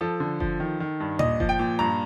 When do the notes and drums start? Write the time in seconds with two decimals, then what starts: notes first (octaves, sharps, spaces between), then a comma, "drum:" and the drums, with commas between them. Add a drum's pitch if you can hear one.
0.01 F3 A4
0.20 D3
0.40 F3, drum: kick F#1
0.60 D#3
0.80 D#3
1.00 G2
1.19 A#2 D#5, drum: tom A#2
1.40 F3, drum: kick F#1
1.49 G5
1.59 A#2
1.79 G2 A#5